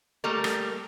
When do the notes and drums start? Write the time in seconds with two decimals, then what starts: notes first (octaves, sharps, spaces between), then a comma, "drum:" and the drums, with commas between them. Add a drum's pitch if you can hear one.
0.24 G3 A3 A#3 A4 A#4
0.44 drum: rim click